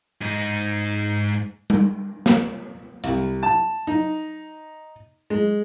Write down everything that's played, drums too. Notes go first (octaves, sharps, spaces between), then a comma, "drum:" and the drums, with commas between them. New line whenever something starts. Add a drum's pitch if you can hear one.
G#2 D#4
drum: tom G3
drum: snare
C2, drum: hi-hat
A5
D#4
G#3